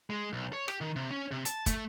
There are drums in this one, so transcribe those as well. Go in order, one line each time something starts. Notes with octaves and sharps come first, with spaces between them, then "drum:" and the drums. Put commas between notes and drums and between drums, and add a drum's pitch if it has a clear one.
G#3
B1
C#5
G4, drum: rim click
D#3
C3
C#4
C3
A5, drum: hi-hat
A3, drum: kick, hi-hat